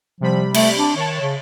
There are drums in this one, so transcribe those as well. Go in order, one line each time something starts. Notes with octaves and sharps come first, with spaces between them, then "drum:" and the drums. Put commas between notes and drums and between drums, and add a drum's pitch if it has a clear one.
C3 F3 G3 B5
A3, drum: cymbal
D4
D#3 C#5 A5
C#3